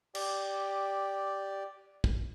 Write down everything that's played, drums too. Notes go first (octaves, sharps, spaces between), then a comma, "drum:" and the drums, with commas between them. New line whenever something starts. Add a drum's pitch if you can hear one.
G4 D5, drum: cymbal
drum: kick